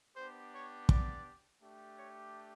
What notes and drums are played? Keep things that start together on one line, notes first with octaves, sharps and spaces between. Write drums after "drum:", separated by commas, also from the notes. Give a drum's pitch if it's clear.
B3 D4 G4 C5
C#5
D5, drum: kick
A3 D4 G4
C#5